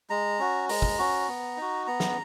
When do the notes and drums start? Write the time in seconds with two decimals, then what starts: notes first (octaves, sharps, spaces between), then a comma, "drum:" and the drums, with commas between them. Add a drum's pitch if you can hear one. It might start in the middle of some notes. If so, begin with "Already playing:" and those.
0.10 G#3 A#5
0.39 C#4 F#4
0.69 G#3 A#5, drum: open hi-hat
0.82 drum: kick
0.99 C#4 F#4
1.28 B3
1.57 D#4 F#4
1.87 B3 A#5
2.00 drum: snare